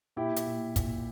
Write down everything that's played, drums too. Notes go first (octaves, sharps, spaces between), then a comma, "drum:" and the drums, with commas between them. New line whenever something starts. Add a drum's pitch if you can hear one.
A#2 E4 G4
drum: hi-hat
A#2
A#2, drum: kick, hi-hat